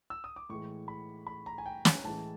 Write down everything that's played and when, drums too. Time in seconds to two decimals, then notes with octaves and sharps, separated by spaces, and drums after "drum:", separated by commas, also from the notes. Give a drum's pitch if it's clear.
0.10 E6
0.24 D#6
0.36 D6
0.49 A2 E3 G#3 C#6
0.88 B5
1.27 B5
1.46 A#5
1.58 G#5
1.66 G5
1.85 G#5, drum: snare
2.04 A2 E3 G#3 A5